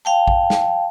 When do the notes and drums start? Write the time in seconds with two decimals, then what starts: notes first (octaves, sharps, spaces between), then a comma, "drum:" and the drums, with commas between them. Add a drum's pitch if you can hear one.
0.05 F5 G5 A5
0.28 drum: kick A1
0.50 drum: snare